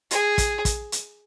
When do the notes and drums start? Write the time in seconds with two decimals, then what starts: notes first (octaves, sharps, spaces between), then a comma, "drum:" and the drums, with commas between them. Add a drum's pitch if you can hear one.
0.11 G#4, drum: hi-hat
0.38 drum: kick, hi-hat
0.65 drum: kick, hi-hat
0.92 drum: hi-hat